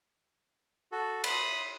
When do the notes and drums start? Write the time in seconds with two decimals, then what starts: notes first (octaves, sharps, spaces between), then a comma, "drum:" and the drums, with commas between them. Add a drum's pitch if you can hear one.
0.92 F#4 A4
1.24 B5 C6 D#6, drum: cymbal